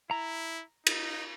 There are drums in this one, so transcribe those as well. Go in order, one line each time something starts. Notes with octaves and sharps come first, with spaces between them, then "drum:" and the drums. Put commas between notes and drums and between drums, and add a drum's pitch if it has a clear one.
E4 A#5
D#4, drum: cymbal